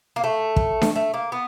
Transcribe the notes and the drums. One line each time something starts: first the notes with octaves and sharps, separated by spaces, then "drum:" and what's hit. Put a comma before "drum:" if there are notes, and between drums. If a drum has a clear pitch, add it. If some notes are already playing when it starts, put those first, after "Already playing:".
A#3
A3
drum: kick
drum: snare D4
A3
A#3
B3